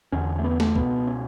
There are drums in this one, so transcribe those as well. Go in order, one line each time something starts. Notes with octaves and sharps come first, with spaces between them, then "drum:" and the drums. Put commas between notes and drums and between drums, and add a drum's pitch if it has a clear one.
E2 D3 C#4
A3
B3
A3, drum: snare
C#2 B2 B3, drum: kick C2
C#4